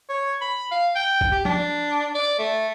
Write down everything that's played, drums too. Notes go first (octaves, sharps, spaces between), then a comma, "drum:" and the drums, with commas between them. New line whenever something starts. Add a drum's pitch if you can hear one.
C#5
B5
F5
G5
drum: kick
G4
D4, drum: tom
D5
A3